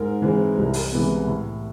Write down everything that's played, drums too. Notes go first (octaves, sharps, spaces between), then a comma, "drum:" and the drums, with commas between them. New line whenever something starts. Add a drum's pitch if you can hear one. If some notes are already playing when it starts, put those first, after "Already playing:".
Already playing: G#2 A#4
E3 G#3 C4
C2
drum: open hi-hat
C3 E3 G#3 B3
A2